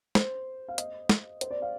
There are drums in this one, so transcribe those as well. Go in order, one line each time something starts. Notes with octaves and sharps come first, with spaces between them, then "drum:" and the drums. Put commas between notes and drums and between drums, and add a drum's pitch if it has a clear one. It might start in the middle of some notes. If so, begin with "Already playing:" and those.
C5, drum: snare
F5
D#5, drum: hi-hat
drum: snare
C5, drum: hi-hat
D5
F5